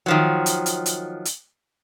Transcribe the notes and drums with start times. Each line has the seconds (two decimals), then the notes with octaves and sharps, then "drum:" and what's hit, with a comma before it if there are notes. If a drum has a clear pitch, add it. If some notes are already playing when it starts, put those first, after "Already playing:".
0.06 D#3 F3 F#3
0.46 drum: hi-hat
0.66 drum: hi-hat
0.86 drum: hi-hat
1.25 drum: hi-hat